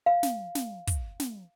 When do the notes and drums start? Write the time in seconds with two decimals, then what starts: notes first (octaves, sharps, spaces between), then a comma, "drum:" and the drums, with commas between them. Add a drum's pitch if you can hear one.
0.06 F5
0.23 drum: snare
0.55 drum: snare
0.87 drum: kick, hi-hat
1.20 drum: snare